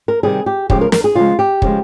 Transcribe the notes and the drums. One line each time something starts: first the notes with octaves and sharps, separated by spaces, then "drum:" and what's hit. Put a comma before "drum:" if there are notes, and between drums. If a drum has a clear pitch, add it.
A#4
C3 D#3 G3 G#4
G4
C#3 F3 G#3 G4, drum: kick
A#4
A#4, drum: snare
G#4
C#3 F3 G#3 F4
G4
C#3 F3 G#3, drum: kick